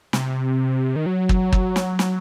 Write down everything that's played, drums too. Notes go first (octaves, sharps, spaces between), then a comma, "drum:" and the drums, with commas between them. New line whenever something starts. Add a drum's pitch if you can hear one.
C3, drum: snare
D#3
F#3
drum: kick
drum: kick
drum: snare
drum: snare